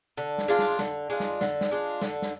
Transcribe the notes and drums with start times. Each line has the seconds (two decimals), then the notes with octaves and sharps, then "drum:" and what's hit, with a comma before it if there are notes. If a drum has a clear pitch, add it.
0.17 D3
0.38 drum: snare
0.48 G#3 D4 F4
0.59 drum: snare
0.79 D3, drum: snare
1.10 G#3 D4 F4
1.20 drum: snare
1.41 D3, drum: snare
1.61 drum: snare
1.71 G#3 D4 F4
2.01 D3, drum: snare
2.22 drum: snare